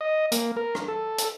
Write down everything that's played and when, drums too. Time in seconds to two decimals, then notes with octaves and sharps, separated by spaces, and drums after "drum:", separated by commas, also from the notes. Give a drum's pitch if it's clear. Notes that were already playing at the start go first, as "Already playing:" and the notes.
0.01 D#5
0.32 A#3, drum: hi-hat
0.56 A#4
0.75 drum: rim click
0.88 A4
1.18 drum: hi-hat